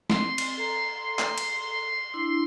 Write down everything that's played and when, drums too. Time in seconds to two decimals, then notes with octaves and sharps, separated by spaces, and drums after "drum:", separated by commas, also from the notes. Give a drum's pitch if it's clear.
0.10 C4 C6, drum: snare
0.38 drum: cymbal
0.57 A4 A#5
1.19 drum: clap
1.38 drum: cymbal
2.14 D4 E4